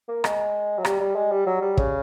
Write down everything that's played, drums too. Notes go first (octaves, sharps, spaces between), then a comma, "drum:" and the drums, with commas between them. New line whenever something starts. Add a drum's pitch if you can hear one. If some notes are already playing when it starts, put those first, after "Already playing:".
A#3
G#3, drum: rim click
F#3
G3, drum: rim click
G3
G#3
G3
F#3
G3
C#3, drum: kick